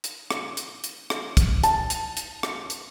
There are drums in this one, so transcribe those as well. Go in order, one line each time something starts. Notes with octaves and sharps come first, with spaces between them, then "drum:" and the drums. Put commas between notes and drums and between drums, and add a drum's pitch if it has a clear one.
drum: hi-hat
drum: rim click
drum: hi-hat
drum: hi-hat
drum: rim click
drum: kick, hi-hat
A5, drum: hi-hat
drum: hi-hat
drum: hi-hat
drum: rim click
drum: hi-hat